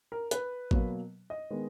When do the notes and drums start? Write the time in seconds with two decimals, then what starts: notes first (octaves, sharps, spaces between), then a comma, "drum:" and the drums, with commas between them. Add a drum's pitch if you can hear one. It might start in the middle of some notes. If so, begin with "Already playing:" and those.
0.12 A#4
0.31 B4, drum: hi-hat
0.71 B2 F#3 A#3, drum: kick A1
1.30 D#5
1.50 D#3 G#3 B3